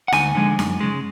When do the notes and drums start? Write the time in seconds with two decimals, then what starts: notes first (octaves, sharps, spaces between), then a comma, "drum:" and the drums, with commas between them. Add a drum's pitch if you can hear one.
0.08 F#5
0.12 D2 G#5, drum: snare D#4
0.35 D3 F3 G#3
0.59 F#2, drum: snare D#4
0.80 C#3 G#3